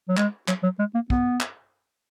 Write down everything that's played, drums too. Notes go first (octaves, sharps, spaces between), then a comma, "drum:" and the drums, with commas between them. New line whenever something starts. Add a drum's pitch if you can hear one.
F#3
G#3, drum: clap
F#3, drum: clap
F#3
G#3
A#3
B3, drum: kick
drum: clap